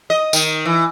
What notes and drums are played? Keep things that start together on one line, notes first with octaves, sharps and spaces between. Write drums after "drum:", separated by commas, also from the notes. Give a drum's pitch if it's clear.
D#5
D#3, drum: tambourine
E3